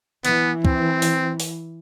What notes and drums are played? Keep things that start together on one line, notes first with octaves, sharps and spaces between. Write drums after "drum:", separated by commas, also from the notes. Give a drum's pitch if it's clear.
E3 B3, drum: hi-hat
C4, drum: kick
drum: open hi-hat
drum: open hi-hat